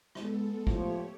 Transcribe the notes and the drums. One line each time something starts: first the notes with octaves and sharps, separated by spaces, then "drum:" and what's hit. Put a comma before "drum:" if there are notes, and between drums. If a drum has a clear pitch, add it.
G#3 B3 A4, drum: rim click
F3 A3 G4 C#5, drum: kick